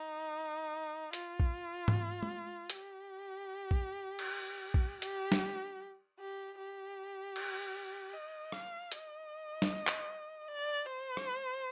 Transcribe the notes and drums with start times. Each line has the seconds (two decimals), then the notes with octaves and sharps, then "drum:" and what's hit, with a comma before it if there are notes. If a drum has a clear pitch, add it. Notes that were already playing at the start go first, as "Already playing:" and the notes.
Already playing: D#4
1.13 F4, drum: hi-hat
1.40 drum: kick A#1
1.88 drum: tom G#2
2.23 drum: tom G#3
2.70 G4, drum: hi-hat
3.71 drum: kick A#1
4.19 drum: cymbal
4.74 drum: kick A#1
5.02 G4, drum: hi-hat
5.32 drum: snare
6.19 G4
6.58 G4
7.36 drum: cymbal
8.13 D#5
8.52 F5, drum: rim click
8.92 D#5, drum: hi-hat
9.62 drum: snare
9.87 drum: clap
10.48 D5
10.86 C5
11.17 drum: rim click